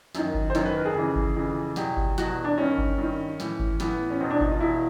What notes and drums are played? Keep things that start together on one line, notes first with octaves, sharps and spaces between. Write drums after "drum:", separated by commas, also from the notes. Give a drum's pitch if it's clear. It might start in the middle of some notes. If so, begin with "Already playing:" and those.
F#2 D#3, drum: snare
drum: kick G1
C5
F#2 D#3 C#5, drum: snare
B4
A#4
G#4
F2 C#3 E3
drum: kick G1
F2 C#3 E3
E2 B2 G4, drum: snare
drum: kick G1
E2 B2 F#4, drum: snare
D4
G2 D#3 C#4
drum: kick G1
G2
D#3
A2 E3, drum: snare
drum: kick G1
A2 E3 B3, drum: snare
C#4
E2 B2 C4
D4
D#4, drum: kick G1
F4
E2 B2 E4